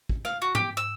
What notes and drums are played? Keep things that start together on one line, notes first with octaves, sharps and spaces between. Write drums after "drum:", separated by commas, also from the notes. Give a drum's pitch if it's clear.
drum: kick
F5, drum: rim click
F#4
G4, drum: tom G#2
E6